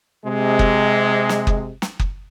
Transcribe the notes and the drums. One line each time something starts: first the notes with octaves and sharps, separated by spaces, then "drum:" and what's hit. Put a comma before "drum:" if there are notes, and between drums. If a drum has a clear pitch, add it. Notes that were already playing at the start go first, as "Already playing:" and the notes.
C3 G#3
drum: kick F#1
drum: snare
drum: kick F#1
drum: snare
drum: kick F#1